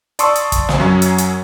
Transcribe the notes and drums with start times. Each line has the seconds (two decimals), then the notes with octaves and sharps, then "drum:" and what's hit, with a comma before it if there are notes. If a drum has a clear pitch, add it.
0.19 D5 A5 C6 C#6 D#6 E6, drum: hi-hat
0.35 drum: hi-hat
0.52 drum: kick, hi-hat
0.69 drum: snare
0.78 F#2 F#3 C#4
1.02 drum: hi-hat
1.18 drum: hi-hat